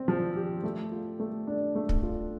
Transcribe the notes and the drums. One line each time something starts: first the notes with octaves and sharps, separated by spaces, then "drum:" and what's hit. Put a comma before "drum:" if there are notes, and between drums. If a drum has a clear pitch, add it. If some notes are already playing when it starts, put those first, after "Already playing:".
Already playing: C4
F3
G4
A3
F4
A3
D4
A3
drum: kick
F4